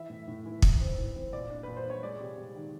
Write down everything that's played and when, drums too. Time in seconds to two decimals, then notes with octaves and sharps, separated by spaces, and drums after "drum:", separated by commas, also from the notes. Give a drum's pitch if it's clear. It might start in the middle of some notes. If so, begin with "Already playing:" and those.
Already playing: E3 E5
0.10 A2
0.28 A2
0.46 E3
0.62 E3, drum: kick
0.80 C4
0.98 E3
1.16 C4
1.32 A#2 D5
1.50 D4
1.63 A#2 B4
1.76 C5
1.86 D4 C#5
2.03 G#3 D5
2.20 C3
2.38 C3
2.56 D#3